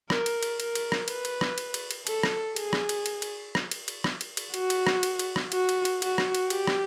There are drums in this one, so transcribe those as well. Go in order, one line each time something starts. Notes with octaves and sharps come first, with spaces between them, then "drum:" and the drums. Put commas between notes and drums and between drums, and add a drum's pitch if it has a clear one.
A#4, drum: rim click
drum: cymbal
drum: cymbal
A#4, drum: cymbal
drum: cymbal
drum: rim click
B4, drum: cymbal
drum: cymbal
drum: rim click
drum: cymbal
drum: cymbal
drum: cymbal
A4, drum: cymbal
drum: rim click
G#4, drum: cymbal
drum: rim click
drum: cymbal
drum: cymbal
drum: cymbal
drum: rim click
drum: cymbal
drum: cymbal
drum: rim click
drum: cymbal
drum: cymbal
F#4, drum: cymbal
drum: cymbal
drum: rim click
drum: cymbal
drum: cymbal
drum: rim click
F#4, drum: cymbal
drum: cymbal
drum: cymbal
F#4, drum: cymbal
drum: rim click
drum: cymbal
G4, drum: cymbal
drum: rim click